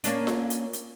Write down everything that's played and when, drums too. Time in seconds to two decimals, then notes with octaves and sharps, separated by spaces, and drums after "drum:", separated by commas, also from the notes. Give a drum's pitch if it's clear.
0.04 A#3 C#4 D4, drum: hi-hat
0.27 drum: snare F4
0.50 drum: hi-hat
0.73 drum: hi-hat